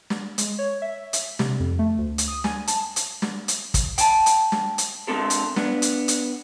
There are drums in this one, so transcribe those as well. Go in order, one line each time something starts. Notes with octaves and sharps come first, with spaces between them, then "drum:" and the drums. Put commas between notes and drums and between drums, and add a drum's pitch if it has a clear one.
drum: snare
G#3, drum: hi-hat
C#5
E5
E5, drum: hi-hat
C3, drum: snare
F2
A3
D2
drum: hi-hat
D#6
G#5, drum: snare
A5, drum: hi-hat
drum: hi-hat
drum: snare
drum: hi-hat
drum: kick, hi-hat
G5 A5, drum: hi-hat
drum: hi-hat
drum: snare
drum: hi-hat
D3 G#3 C4 A4 A#4
drum: hi-hat
B3 D4, drum: snare
drum: hi-hat
drum: hi-hat